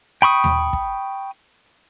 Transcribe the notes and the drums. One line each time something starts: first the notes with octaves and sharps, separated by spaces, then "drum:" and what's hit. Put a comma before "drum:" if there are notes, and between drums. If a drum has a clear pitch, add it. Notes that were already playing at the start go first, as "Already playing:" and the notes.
G5 B5 C#6 D#6
drum: tom D#2
drum: kick